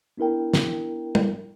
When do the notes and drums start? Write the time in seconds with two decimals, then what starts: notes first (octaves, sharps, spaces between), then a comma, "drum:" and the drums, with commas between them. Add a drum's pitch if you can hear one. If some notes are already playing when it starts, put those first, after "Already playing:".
0.17 B3 D4 E4 A#4 G5
0.54 drum: snare
1.15 drum: tom